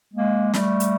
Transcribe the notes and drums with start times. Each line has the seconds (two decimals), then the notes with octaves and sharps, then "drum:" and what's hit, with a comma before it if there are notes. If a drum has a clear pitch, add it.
0.14 G#3 A#3
0.53 G3 A3, drum: snare
0.80 drum: hi-hat